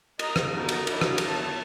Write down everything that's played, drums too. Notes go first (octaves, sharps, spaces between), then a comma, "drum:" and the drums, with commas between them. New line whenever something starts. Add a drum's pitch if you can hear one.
D#5 A#5, drum: cymbal
drum: rim click
B3 D4 D#4 F#4 A4 A#4
drum: cymbal
D4 E4 F#4 A#4 C#5 D#5, drum: cymbal
drum: rim click
drum: cymbal
B3 C#5 E5 A5